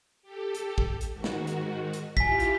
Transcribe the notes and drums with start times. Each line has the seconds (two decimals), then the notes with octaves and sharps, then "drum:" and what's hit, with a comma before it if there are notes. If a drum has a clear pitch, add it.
0.22 G4 A4
0.55 drum: hi-hat
0.78 drum: kick
1.01 drum: hi-hat
1.13 G#2 D#3 F#4
1.24 drum: snare
1.47 drum: hi-hat
1.94 drum: hi-hat
2.17 E4 F4 G4 G#5 B6, drum: kick
2.40 drum: hi-hat